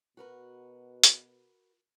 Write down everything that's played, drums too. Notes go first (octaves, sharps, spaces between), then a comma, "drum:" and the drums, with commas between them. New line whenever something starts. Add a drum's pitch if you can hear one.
B2 F#4 A#4 B4
drum: hi-hat